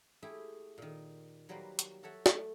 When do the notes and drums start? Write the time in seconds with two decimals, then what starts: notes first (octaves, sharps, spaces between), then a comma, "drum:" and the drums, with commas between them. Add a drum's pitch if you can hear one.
0.22 A3 E4 G4 G#4
0.78 A#2 D#3
1.49 F#3 G3 A#3 B4 C5
1.79 drum: hi-hat
2.03 F#4 A4 C#5 E5 F#5
2.26 A3, drum: snare